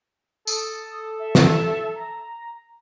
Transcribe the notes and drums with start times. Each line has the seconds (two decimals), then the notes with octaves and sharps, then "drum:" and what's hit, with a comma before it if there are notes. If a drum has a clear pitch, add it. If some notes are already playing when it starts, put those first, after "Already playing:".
0.47 A4 D#6, drum: tambourine
1.19 E5
1.35 drum: snare
1.95 A#5